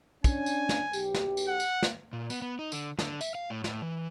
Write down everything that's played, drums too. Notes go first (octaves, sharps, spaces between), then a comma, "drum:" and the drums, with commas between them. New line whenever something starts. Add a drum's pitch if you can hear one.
C#4 D4 G#5, drum: kick, tambourine
drum: tambourine
drum: snare
B1 G4, drum: tambourine
drum: snare
drum: tambourine
F#5
drum: tambourine
drum: snare
A#2
B3, drum: tambourine
B3
D#4
D3, drum: tambourine
D3, drum: snare
E5, drum: tambourine
F5
A2
A2, drum: snare
E3